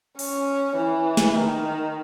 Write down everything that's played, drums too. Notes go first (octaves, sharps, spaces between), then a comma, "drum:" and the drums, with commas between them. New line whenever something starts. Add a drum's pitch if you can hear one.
C#4, drum: open hi-hat
E3
drum: snare
D#3